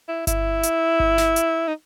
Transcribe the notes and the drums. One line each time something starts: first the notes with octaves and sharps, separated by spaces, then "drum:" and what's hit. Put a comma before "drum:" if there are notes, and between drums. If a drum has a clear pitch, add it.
E4
E4, drum: kick G1, hi-hat
drum: hi-hat
drum: kick G1
drum: snare
drum: hi-hat
D#4